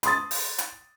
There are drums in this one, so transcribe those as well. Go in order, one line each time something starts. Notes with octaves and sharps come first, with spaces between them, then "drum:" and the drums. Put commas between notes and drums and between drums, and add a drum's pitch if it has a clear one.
B5 C6 D#6 A6, drum: hi-hat
drum: open hi-hat
drum: hi-hat